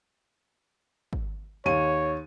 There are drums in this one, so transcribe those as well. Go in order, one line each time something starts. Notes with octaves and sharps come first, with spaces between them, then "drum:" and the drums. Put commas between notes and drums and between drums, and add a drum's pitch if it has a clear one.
drum: kick
D#2 C#5 D#7